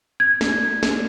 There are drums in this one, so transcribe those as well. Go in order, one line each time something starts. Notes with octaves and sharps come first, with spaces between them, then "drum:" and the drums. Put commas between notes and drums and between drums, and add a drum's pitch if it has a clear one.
G#6
drum: snare
drum: snare